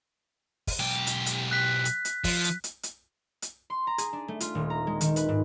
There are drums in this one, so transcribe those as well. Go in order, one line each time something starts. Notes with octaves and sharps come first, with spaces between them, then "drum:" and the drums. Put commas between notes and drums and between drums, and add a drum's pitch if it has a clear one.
drum: kick, open hi-hat
B1 G4
drum: hi-hat
drum: hi-hat
F#6 B6
drum: hi-hat
drum: hi-hat
F3, drum: kick, open hi-hat
drum: hi-hat
drum: hi-hat
drum: hi-hat
drum: hi-hat
C6
A#5
G#4, drum: hi-hat
D4
A3
F4, drum: hi-hat
D#1
A#5
G#3
D#3, drum: hi-hat
B4, drum: hi-hat
G#2